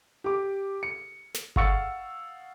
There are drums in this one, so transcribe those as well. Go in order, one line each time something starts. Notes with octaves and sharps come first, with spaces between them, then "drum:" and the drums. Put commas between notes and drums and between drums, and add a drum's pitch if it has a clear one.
G4 D6
C#7
drum: snare
F5 F#5 C#6 E6 A6 C#7, drum: kick G1